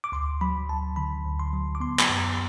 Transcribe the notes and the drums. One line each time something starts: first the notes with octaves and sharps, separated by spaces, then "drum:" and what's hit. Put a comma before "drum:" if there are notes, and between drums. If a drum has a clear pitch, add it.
D6
D2 C6
F#3 B5
D2 A5
D3 B5
D2
C6
F#3
D6
B3 C6
drum: clap
F#2